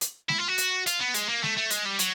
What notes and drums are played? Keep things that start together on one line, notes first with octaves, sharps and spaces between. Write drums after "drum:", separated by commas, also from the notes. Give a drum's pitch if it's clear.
drum: hi-hat
E4, drum: snare G#3
F4
F#4
drum: hi-hat
F4, drum: hi-hat
B3
G#3, drum: hi-hat
A#3
A3, drum: snare G#3
A3
G#3, drum: hi-hat
G3
F#3, drum: hi-hat